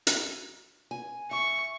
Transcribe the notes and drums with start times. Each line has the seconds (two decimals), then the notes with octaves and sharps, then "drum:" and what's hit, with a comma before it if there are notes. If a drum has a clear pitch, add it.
0.07 drum: hi-hat
0.91 G#5
1.31 E5 C#6